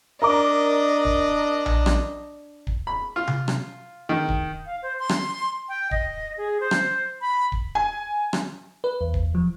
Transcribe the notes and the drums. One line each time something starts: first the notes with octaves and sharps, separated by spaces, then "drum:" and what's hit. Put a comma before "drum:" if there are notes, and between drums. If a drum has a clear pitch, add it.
D4 A#4 D#5 A#5 D6
drum: kick D1
drum: tom A#1
drum: rim click
drum: kick D1
B5
F4
drum: tom C3
drum: rim click
D#3
drum: kick D1
F5
C5
C6
drum: rim click
G5
D#5, drum: kick D1
G#4
C5
drum: rim click
B5
drum: kick D1
G#5
drum: rim click
B4
E2
drum: kick D1
F3